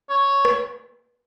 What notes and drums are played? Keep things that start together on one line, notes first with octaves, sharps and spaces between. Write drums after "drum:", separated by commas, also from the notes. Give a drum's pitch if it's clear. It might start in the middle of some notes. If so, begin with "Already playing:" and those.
C#5
drum: rim click